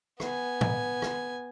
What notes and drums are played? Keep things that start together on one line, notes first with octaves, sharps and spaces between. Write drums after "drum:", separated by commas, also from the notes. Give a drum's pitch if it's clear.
B3 G#5, drum: rim click
drum: tom
drum: rim click